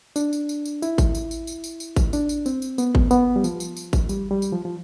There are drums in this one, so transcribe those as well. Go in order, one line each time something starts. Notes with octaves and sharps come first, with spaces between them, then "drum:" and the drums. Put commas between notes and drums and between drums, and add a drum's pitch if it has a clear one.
D4, drum: tambourine
drum: tambourine
drum: tambourine
drum: tambourine
E4, drum: tambourine
drum: kick G#1, tambourine
drum: tambourine
drum: tambourine
drum: tambourine
drum: tambourine
drum: tambourine
drum: kick G#1, tambourine
D4, drum: tambourine
drum: tambourine
C4, drum: tambourine
drum: tambourine
B3, drum: tambourine
drum: kick G#1
B3, drum: tambourine
G3
F3, drum: tambourine
drum: tambourine
drum: tambourine
drum: kick G#1, tambourine
G3, drum: tambourine
G3
drum: tambourine
F3
F3